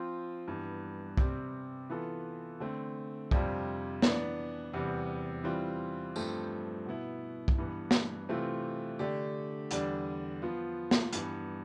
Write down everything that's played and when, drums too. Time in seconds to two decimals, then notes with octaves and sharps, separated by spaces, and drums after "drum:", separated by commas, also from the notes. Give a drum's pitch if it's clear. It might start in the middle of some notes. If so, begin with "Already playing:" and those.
Already playing: F3 C4 F4
0.48 G2 E3 B3
1.17 C3 G3 C4, drum: kick
1.90 E3 B3 F4 A4
2.60 D3 A3 C4
3.31 F2 C3 G3 D4 F4, drum: kick
4.02 E3 B3 D4, drum: snare
4.74 E2 C3 G3 B3
5.44 E3 G3 C4 F4
6.16 G2 F3 A3 C4, drum: tambourine
6.86 B2 B3 E4
7.48 drum: kick
7.58 G2 E3 B3
7.91 drum: snare
8.29 C3 E3 A3 C4 F4
8.99 D3 A3 D4 G4
9.71 E2 D3 G3 D4, drum: hi-hat
10.42 F3 B3 F4
10.91 drum: snare
11.13 G2 E3 B3, drum: hi-hat